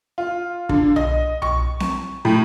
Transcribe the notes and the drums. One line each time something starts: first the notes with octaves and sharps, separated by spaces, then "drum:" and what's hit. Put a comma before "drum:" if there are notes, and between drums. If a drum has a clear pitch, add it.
F4
D3, drum: kick
D#5, drum: tom B1
C#6, drum: tom B1
drum: snare C4
A2